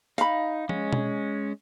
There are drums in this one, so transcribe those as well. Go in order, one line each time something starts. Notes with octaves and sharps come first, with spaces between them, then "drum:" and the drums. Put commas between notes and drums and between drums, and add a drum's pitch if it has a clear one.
D#4 F5 B5, drum: hi-hat
G#3 C#4, drum: tom F3
drum: tom B2